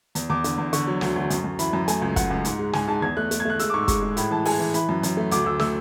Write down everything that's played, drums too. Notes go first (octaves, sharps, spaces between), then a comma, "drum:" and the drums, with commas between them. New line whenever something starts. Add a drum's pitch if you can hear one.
E2, drum: hi-hat
E2 D6
D3, drum: hi-hat
E2
D3 C#6, drum: hi-hat
F#3
D2, drum: snare
D2
F#2, drum: hi-hat
F#2
E3 B5, drum: hi-hat
F#2
A3 G#5, drum: hi-hat
C#2
C#2 F#5, drum: kick, hi-hat
C#2
G#2, drum: hi-hat
G#3
G#2 G#5, drum: snare
G#2 A5
E2 G#6
A3 F#6
A3, drum: hi-hat
G#6
A3 F#6
G#3 E6, drum: hi-hat
D6
G#2 C#6
G#3 C#6, drum: kick, hi-hat
G#3
A2 B5, drum: hi-hat
E3 A5
G#3 G#5, drum: open hi-hat
E3
E3 B5, drum: hi-hat
F#2
F#2, drum: hi-hat
A3
D2 D6, drum: hi-hat
D2 E6
A3 E6, drum: snare